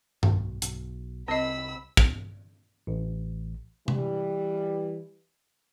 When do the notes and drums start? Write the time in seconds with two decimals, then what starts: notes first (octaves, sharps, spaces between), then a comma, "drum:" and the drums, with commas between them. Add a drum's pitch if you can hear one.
0.23 B1, drum: tom G2
0.62 B1, drum: hi-hat
1.28 C2 C4 D#5 B5 E6
1.97 drum: kick
2.87 A1
3.88 E3 G3, drum: tom C3